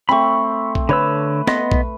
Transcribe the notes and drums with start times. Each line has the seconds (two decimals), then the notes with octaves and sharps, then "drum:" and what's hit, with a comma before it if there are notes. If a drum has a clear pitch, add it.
0.09 A3 C4 B5 C#6
0.75 drum: kick
0.89 D3 B4 C#5 E6
1.47 B3 D#5 C6, drum: snare
1.72 drum: kick